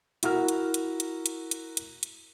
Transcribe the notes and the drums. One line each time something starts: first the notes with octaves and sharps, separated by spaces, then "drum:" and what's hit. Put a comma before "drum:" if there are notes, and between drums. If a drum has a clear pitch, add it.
E4 F#4 A#4 F6, drum: hi-hat
drum: hi-hat
drum: hi-hat
drum: hi-hat
drum: hi-hat
drum: hi-hat
drum: hi-hat
drum: hi-hat